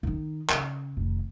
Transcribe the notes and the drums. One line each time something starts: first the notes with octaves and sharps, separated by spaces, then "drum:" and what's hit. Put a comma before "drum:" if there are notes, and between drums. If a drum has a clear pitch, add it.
D#3 D#4
C#3, drum: clap
F1 D#3